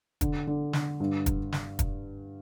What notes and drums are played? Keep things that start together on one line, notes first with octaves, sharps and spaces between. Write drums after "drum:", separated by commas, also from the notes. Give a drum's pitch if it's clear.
D3, drum: kick, hi-hat
D3
D3, drum: snare
G2
drum: kick, hi-hat
drum: snare
drum: kick, hi-hat